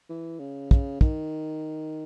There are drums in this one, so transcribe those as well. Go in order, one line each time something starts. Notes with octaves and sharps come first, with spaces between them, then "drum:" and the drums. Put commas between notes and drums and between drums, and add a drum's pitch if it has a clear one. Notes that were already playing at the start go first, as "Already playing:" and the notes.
E3
C#3
C#3, drum: kick
D#3, drum: kick